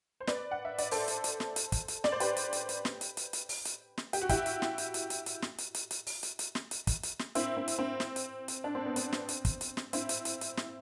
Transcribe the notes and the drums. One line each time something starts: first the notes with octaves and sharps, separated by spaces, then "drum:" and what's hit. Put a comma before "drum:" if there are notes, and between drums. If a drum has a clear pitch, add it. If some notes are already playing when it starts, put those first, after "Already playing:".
C5
B4 D5, drum: snare
F#5
E5
D5, drum: hi-hat
A4 C5, drum: open hi-hat
drum: hi-hat
drum: hi-hat
drum: snare
drum: hi-hat
drum: kick, hi-hat
drum: hi-hat
D5, drum: snare
C5
G4 B4, drum: hi-hat
drum: hi-hat
drum: hi-hat
drum: hi-hat
drum: snare
drum: hi-hat
drum: hi-hat
drum: hi-hat
drum: open hi-hat
drum: hi-hat
drum: snare
G4, drum: hi-hat
F#4
E4 G4, drum: kick, hi-hat
drum: hi-hat
drum: snare
drum: hi-hat
drum: hi-hat
drum: hi-hat
drum: hi-hat
drum: snare
drum: hi-hat
drum: hi-hat
drum: hi-hat
drum: open hi-hat
drum: hi-hat
drum: hi-hat
drum: snare
drum: hi-hat
drum: kick, hi-hat
drum: hi-hat
drum: snare
C4 E4, drum: hi-hat
C4
drum: hi-hat
C4
drum: snare
drum: hi-hat
drum: hi-hat
D4
C4
B3
C4, drum: hi-hat
drum: snare
drum: hi-hat
drum: kick, hi-hat
drum: hi-hat
drum: snare
C4 E4, drum: hi-hat
drum: hi-hat
drum: hi-hat
drum: hi-hat
drum: snare